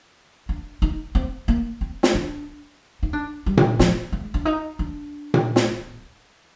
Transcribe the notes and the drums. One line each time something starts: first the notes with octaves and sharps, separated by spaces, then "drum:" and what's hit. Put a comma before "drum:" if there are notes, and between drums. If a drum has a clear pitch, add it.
D4
D#4
C4
A#3
C4
drum: snare
D4
D#4
D4
G3
drum: tom A#2
F3, drum: snare
G#3
D4
D#4
D4
drum: tom A#2
drum: snare